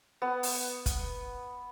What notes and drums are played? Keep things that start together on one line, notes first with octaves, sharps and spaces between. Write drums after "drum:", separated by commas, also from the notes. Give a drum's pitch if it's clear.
B3
drum: open hi-hat
drum: kick, hi-hat